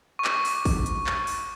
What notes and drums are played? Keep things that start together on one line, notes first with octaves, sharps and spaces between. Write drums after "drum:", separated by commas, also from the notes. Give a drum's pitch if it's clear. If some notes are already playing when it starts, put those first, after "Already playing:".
C#6
D6, drum: clap
drum: open hi-hat
drum: kick, open hi-hat
drum: hi-hat
drum: clap
drum: open hi-hat